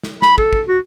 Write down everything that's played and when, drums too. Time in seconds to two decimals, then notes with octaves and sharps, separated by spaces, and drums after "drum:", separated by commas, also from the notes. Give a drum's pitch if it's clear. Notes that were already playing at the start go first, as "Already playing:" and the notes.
0.03 drum: snare
0.22 B5, drum: snare
0.38 A4, drum: kick
0.53 drum: kick
0.68 F#4